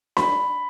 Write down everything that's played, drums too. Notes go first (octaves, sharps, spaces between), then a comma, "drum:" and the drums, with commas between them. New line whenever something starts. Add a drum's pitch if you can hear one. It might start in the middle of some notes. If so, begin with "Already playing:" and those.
B5, drum: snare D4